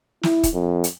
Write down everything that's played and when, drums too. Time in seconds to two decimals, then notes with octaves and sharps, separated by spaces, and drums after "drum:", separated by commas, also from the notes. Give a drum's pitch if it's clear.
0.23 E4, drum: snare
0.43 drum: kick, hi-hat
0.53 F2
0.84 drum: hi-hat